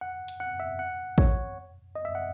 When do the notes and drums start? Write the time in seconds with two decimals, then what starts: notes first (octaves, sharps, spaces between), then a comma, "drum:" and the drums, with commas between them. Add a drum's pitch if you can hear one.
0.01 F#5
0.28 drum: hi-hat
0.40 F#5
0.60 E5
0.79 F#5
1.18 C#5, drum: kick A1
1.95 D#5
2.05 E5
2.15 F#5